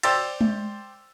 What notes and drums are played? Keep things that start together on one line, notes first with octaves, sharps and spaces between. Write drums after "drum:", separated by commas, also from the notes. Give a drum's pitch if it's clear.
C5 D5 G5 C6 E6 A6, drum: cymbal
drum: tom G#3